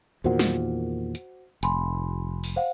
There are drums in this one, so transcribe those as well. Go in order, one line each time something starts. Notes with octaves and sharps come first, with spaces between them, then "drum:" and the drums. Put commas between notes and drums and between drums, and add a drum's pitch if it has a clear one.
E2 A#2 D#3 F#4 C5 F#5
drum: snare
drum: hi-hat
F1 G#5 B5 C6, drum: hi-hat
drum: open hi-hat
C5 F5 F#5